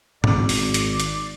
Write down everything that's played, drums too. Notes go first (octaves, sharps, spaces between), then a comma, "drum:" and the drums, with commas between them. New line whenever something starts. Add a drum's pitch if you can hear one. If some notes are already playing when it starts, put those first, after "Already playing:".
G#1 D5, drum: tom G#2
drum: open hi-hat
drum: hi-hat
drum: hi-hat